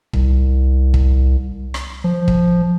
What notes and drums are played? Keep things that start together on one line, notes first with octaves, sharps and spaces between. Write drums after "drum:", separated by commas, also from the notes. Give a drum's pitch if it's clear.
C2, drum: kick
drum: kick
drum: rim click
F3
drum: kick